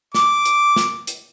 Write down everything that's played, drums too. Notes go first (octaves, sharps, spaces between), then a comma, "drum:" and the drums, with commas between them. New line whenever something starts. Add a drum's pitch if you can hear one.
D6, drum: snare
drum: hi-hat
drum: snare
drum: hi-hat